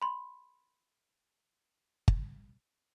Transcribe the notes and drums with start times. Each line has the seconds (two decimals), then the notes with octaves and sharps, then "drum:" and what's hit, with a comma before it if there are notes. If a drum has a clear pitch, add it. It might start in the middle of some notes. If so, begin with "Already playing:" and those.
0.02 B5 C6
2.08 drum: kick G1